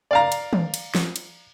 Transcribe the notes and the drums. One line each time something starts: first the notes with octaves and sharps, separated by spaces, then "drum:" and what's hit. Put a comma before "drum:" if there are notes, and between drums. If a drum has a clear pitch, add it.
D5 F5 A#5
drum: cymbal
drum: tom
drum: cymbal
drum: snare
drum: cymbal